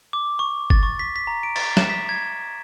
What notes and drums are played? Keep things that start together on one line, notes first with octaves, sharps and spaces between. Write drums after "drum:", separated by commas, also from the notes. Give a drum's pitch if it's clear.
D6
C#6
A6, drum: kick G1
C#6
B6
B6
A#5
D7
A6, drum: cymbal
E7, drum: snare
B6
G#6